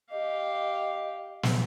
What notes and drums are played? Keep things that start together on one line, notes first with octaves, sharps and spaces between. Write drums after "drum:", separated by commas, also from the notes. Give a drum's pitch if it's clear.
G4 D#5 F5
drum: snare